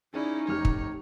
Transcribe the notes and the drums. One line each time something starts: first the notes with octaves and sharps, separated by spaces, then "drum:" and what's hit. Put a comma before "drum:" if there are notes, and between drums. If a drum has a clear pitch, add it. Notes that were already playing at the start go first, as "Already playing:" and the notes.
C#4 D#4 E4 G#4 D5
F1 G4 C#5 F6
drum: kick